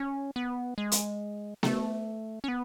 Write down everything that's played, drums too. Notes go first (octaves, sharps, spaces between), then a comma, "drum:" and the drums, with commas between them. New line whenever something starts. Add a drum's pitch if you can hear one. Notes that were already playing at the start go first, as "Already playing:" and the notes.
Already playing: C#4
B3
G#3
drum: hi-hat
A3, drum: snare B3
C#4
B3